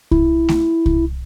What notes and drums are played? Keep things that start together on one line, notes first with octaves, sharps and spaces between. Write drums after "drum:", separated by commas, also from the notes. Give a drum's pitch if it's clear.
E4, drum: kick C2
drum: snare A3
drum: kick C2